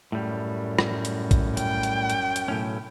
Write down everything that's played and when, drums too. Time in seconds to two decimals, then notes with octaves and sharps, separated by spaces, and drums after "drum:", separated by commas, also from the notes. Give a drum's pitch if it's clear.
0.12 F#2 A2 G3
0.79 drum: rim click
1.05 drum: hi-hat
1.31 drum: kick, hi-hat
1.57 G5, drum: hi-hat
1.83 drum: hi-hat
2.10 drum: hi-hat
2.36 drum: hi-hat
2.48 B1 A2 C#4